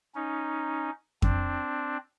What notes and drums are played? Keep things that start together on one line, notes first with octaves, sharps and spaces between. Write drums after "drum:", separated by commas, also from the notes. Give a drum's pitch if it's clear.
C#4 D#4
C4 D4, drum: kick F2